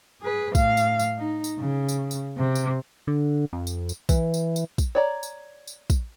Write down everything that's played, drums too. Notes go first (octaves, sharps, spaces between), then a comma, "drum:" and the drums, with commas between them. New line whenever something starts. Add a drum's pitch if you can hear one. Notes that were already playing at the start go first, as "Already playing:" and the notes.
G#4 B4
A2 F5, drum: kick, tambourine
drum: tambourine
drum: tambourine
D#4
drum: tambourine
C#3
drum: tambourine
drum: tambourine
C3
drum: tambourine
D3
F2
drum: tambourine
drum: tambourine
E3, drum: kick, tambourine
drum: tambourine
drum: tambourine
drum: kick, tambourine
C#5 D5 A#5
drum: tambourine
drum: tambourine
drum: kick, tambourine